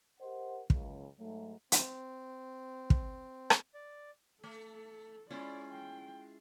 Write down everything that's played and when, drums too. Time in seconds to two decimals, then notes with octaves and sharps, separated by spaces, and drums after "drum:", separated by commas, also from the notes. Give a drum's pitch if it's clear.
0.21 G4 A#4 C5 D#5 F#5
0.70 C#2 F#2 C#3, drum: kick
1.17 G#2 F#3 A3
1.72 C4, drum: hi-hat
2.90 drum: kick
3.50 drum: rim click
3.74 D5
4.44 A3 A4
5.31 G#3 C#4 E4 F4 D5
5.72 G5